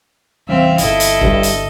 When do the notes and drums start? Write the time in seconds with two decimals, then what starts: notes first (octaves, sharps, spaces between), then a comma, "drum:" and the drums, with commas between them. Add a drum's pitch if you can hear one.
0.49 E3 G3 C4 C#4 E5 F5
0.78 D1 G1 E4 A4 D#5, drum: hi-hat
1.00 drum: hi-hat
1.21 G2, drum: kick E1
1.43 drum: hi-hat